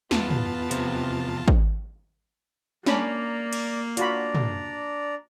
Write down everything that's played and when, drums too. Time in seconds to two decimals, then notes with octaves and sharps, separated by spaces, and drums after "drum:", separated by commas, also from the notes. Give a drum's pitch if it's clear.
0.11 E2 B3 F4 A5, drum: snare
0.30 drum: tom
0.71 C3 F3, drum: hi-hat
1.48 drum: kick
2.86 A#3 C#4 D4 D5 A#5 B5, drum: snare
3.53 drum: cymbal
3.97 D4 F4 F#4 D5 A#5 B5, drum: hi-hat
4.35 drum: tom